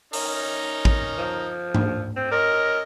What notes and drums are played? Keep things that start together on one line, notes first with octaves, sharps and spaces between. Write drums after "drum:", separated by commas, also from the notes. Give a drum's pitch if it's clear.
C#4 D#4 A#4, drum: open hi-hat
drum: kick
F3
drum: tom
C4
C#4 A#4 D#5